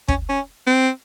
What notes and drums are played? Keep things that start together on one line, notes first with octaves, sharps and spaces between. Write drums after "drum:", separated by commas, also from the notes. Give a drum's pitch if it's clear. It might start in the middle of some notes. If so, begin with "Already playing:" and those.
C#4, drum: kick
C#4
C4